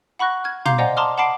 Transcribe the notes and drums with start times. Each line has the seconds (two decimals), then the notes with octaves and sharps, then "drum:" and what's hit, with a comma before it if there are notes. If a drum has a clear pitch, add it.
0.19 F#5 B5 C#6 F#6 A#6
0.44 F6 G#6
0.66 F5 A#5 C6 D6 G6 C7, drum: tom
0.78 C5 D5 D#5 F#5 G#5 A#5
0.97 A5 A#5 C6 D6 D#6 F6
1.18 F#5 A5 B5 D6 C7 D7